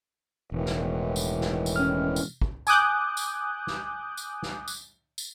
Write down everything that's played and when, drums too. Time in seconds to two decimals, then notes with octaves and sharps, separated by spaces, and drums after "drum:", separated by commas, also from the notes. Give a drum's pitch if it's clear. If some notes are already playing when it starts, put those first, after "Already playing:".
0.52 E1 A2 D#3 E3
0.66 drum: snare
1.16 drum: tambourine
1.41 drum: snare
1.66 drum: tambourine
1.76 C#4 F6
2.16 drum: tambourine
2.42 drum: kick
2.67 G#5 D6 D#6 F#6 G6, drum: tambourine
3.17 drum: tambourine
3.67 drum: snare
4.17 drum: tambourine
4.43 drum: snare
4.68 drum: tambourine
5.18 drum: tambourine